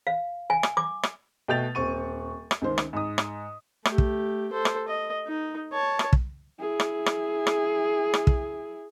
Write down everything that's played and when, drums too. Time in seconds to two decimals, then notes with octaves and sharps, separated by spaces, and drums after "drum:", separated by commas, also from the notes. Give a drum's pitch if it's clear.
0.07 F5
0.50 G#5
0.63 drum: rim click
0.77 D6
1.03 drum: rim click
1.48 B2 A3 G5 G6 A6 F7
1.75 D#1 C4 C#6 D#7
2.51 drum: rim click
2.62 C#2 D#3 C5
2.78 drum: rim click
2.93 G#2 D#6
3.18 drum: rim click
3.85 A3 G4, drum: rim click
3.98 drum: kick
4.52 A4 C5
4.65 drum: rim click
4.88 D#5
5.27 D#4
5.72 C#5 A5
5.99 drum: rim click
6.13 drum: kick
6.60 E4 G#4
6.80 drum: rim click
7.06 drum: rim click
7.47 drum: rim click
8.14 drum: rim click
8.27 drum: kick